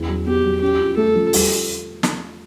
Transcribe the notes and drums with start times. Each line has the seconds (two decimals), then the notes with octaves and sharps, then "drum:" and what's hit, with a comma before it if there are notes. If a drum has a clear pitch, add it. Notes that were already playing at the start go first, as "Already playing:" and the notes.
Already playing: E2 E4
0.08 F#3
0.27 B3 G4
0.44 F#3
0.61 C#4 G4
0.80 F4
0.97 A3 A4
1.15 F3
1.33 G3, drum: open hi-hat
2.03 drum: snare